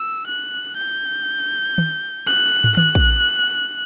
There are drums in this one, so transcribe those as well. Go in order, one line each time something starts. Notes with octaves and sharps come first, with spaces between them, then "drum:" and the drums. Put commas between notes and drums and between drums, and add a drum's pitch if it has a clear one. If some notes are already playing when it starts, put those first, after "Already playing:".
Already playing: E6
F#6
G6
drum: tom
F#6
drum: tom
F#6, drum: tom D#3
drum: kick